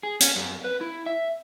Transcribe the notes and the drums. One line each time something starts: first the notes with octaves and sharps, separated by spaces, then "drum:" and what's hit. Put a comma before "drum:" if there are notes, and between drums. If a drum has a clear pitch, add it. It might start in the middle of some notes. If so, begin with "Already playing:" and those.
G#4
C#4, drum: hi-hat
F#2
B4
E4
E5